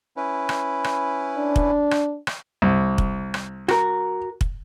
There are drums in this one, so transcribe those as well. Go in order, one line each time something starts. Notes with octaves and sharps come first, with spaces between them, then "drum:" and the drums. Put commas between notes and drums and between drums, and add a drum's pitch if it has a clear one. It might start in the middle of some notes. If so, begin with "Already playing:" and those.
C#4 E4 B4
drum: rim click
drum: rim click
D4
drum: kick
drum: rim click
drum: rim click
C2
drum: kick
drum: rim click
F#4 A#4, drum: rim click
drum: kick